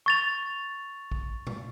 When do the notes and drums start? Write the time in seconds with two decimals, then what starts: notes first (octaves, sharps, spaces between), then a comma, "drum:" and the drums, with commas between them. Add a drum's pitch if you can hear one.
0.06 C#6 A6 F7
1.12 drum: kick A1
1.47 drum: tom A#2